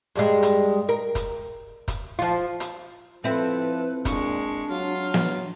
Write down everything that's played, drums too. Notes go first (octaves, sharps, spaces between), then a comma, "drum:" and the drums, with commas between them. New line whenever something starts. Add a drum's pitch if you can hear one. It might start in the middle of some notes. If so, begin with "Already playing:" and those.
G2 G3 G#3
drum: hi-hat
A#4
drum: kick, hi-hat
drum: kick, hi-hat
F3 F4
drum: hi-hat
F3 C4 E4 A4 B4
A#2 G#3 D4 C#6, drum: kick, hi-hat
F#3 F4 F5
drum: snare